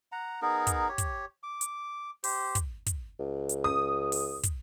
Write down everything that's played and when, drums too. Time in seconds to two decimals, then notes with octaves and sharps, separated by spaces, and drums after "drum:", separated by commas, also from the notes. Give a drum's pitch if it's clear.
0.12 F#5 A#5
0.42 B3 D#4 G#4 A#4
0.67 drum: kick, hi-hat
0.89 G4 C#5
0.98 drum: kick, hi-hat
1.43 D6
1.61 drum: hi-hat
2.24 G4 C5, drum: open hi-hat
2.55 drum: kick, hi-hat
2.86 drum: kick, hi-hat
3.20 C#2
3.49 drum: hi-hat
3.64 D#6
4.12 drum: open hi-hat
4.43 drum: kick, hi-hat